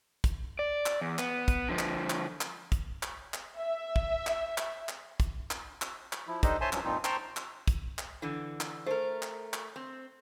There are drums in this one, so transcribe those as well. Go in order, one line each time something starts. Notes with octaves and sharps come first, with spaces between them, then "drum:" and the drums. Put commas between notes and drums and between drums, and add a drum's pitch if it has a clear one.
drum: kick, hi-hat
D5
drum: clap
E2
B3, drum: clap
drum: kick, hi-hat
D3 F3
drum: clap
drum: clap
drum: clap
drum: kick, hi-hat
drum: clap
drum: clap
E5
drum: kick
drum: clap
drum: clap
drum: clap
drum: kick, hi-hat
drum: clap
drum: clap
drum: clap
F3 E4
D4 D#4 G4 A4 C5 D#5, drum: kick, hi-hat
C5 C#5 E5 G#5 A5 C6
G2 F3 F#3 C#4, drum: clap
G2 A#2 F3 C4 D#4 F4
C5 G5 A5 A#5 C6 C#6, drum: clap
drum: clap
drum: kick, hi-hat
drum: clap
D3 E3
drum: clap
A3 A#4 C5
drum: clap
drum: clap
C4